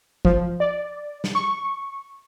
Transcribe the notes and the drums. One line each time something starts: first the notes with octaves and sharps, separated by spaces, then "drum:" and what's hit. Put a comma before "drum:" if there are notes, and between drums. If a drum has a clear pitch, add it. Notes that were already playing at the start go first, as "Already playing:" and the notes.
F3, drum: kick
D5
drum: snare
C#6